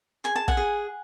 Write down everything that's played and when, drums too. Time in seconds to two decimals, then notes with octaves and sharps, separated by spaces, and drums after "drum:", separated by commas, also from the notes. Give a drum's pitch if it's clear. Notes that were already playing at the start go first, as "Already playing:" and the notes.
0.24 G#4 G#5
0.36 A5
0.48 F#5 G#5, drum: kick
0.57 G#4